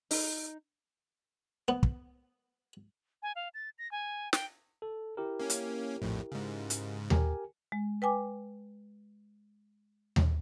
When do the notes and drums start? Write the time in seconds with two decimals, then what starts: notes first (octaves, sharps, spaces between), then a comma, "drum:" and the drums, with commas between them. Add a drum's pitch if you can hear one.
0.11 D#4, drum: open hi-hat
1.68 B3
1.83 drum: kick
3.23 G#5
3.36 F5
3.54 A6
3.79 A#6
3.92 G#5
4.33 G5, drum: snare
4.82 A4
5.17 E4 G4 A#4
5.40 A#3 C#4
5.50 drum: hi-hat
6.02 A#1 F2 A2
6.32 G#2 C#3
6.70 drum: hi-hat
7.10 G4 A#4 G#5, drum: tom D#2
7.72 G#3
8.02 B4 G5 G#5 D6
10.16 drum: tom D#2